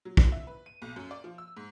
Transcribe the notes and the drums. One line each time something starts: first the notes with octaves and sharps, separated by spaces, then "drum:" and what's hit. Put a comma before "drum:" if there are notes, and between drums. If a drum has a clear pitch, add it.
F#3
D3, drum: kick
E5
B4
D#7
B1
F#2
D5
F3
E6
G#2